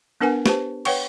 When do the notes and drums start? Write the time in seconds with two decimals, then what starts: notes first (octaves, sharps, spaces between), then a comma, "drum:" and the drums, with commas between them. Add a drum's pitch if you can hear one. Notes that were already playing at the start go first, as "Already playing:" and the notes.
0.21 B3 D4 A#4 B4 F#5 G#5
0.46 G4 B4 C5 A5, drum: snare
0.85 B4 C#5 F#5 G5 C#6, drum: cymbal